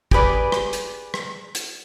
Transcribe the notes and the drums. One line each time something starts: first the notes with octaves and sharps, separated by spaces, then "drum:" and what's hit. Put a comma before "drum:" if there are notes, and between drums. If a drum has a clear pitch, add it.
G4 G#4 B4 D5, drum: kick
drum: rim click
drum: hi-hat
drum: rim click
drum: hi-hat